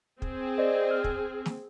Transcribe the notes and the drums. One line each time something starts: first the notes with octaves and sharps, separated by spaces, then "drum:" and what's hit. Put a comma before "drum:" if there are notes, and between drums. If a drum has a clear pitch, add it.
C4 G#4, drum: kick
C5 D5 D#5
F6
drum: kick
drum: snare